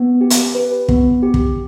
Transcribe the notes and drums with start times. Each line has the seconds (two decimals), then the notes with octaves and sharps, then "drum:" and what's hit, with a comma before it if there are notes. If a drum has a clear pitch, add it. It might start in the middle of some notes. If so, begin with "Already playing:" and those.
Already playing: B3
0.21 G4
0.30 drum: hi-hat
0.55 B4
0.88 B3, drum: kick
1.23 G4
1.34 drum: kick